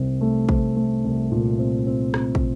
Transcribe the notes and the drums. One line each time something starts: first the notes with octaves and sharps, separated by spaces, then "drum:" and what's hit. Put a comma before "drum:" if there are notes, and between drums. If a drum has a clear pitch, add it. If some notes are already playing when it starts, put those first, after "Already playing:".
Already playing: C2 C4
A3
C4, drum: kick
A3
C2
A#2
C4
C4
C4, drum: rim click
drum: kick